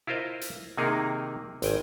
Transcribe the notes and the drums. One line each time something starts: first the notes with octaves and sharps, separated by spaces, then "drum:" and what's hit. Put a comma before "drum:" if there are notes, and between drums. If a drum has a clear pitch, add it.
E4 F4 A#4 C5 D#5 F5
drum: hi-hat
C3 D#3 A#3 D#4 G#4 A#4
G#1 G5 G#5, drum: hi-hat